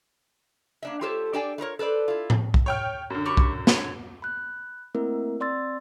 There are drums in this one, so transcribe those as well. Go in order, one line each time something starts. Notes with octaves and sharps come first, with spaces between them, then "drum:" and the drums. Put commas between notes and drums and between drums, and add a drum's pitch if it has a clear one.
A#3 D4 E5
A3 F4 G4 A4 C5 C#5
D4 G4 A4 D5 G5 G#5
A3 F4 A#4 C#5
A4 B4 C5 D5
E4 F4
drum: tom A2
drum: kick B1
C#5 G5 F6
F#2 D3
G4 B5 C#6
drum: kick B1
C#5, drum: snare
B5 F#6
A3 A#3 C4 E4 A#4
C4 D5 C6 E6 A6